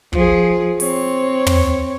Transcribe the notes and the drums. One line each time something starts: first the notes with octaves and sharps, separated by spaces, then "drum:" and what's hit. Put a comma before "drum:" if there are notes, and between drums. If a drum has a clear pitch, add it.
F3 G#4, drum: kick
C4 C#5, drum: open hi-hat
drum: tom